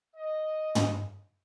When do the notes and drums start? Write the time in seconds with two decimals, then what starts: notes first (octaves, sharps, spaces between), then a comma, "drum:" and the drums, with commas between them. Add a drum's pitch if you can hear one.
0.16 D#5
0.75 drum: tom